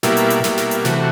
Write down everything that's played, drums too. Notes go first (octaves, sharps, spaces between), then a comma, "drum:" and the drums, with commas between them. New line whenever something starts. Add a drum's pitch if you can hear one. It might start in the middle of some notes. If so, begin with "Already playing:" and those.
B2 G3 A#3 E4, drum: snare
drum: hi-hat
drum: hi-hat
B2 G3 A#3, drum: snare
drum: snare
drum: hi-hat
C3 E3 A3 F#4, drum: snare